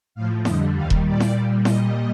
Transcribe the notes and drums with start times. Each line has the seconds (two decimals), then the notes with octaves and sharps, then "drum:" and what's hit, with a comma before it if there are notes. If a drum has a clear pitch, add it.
0.15 A2 F3 F5
0.45 F2 D3 G3 D#5, drum: snare E4
0.75 D#2 D#3 G3 F5
0.90 drum: kick E1
1.05 A#2 G3 D5
1.20 drum: snare E4
1.36 A#2 G3
1.65 A#2 G3 D#5, drum: snare E4